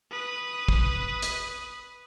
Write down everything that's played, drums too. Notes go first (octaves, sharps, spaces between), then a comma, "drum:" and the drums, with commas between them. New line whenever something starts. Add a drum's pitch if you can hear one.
B4 D#6
drum: kick
drum: hi-hat